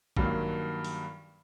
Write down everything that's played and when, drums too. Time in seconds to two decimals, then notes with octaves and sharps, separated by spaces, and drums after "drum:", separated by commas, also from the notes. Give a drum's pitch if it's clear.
0.17 G2 D#3 F#3 A#3, drum: kick A1
0.84 drum: open hi-hat